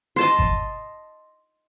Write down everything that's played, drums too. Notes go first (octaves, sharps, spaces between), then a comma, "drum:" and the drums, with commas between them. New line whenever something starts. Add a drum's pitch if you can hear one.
D#5 A5 C6
drum: kick